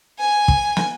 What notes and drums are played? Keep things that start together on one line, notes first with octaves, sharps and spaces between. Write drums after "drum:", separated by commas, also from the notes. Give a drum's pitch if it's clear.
G#5
drum: kick
drum: snare